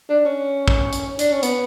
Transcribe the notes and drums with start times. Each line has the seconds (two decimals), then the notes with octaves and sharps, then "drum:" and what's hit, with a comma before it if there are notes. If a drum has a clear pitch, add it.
0.10 D4
0.25 C#4
0.68 drum: kick
0.93 drum: hi-hat
1.19 D4, drum: hi-hat
1.32 C#4
1.43 B3, drum: hi-hat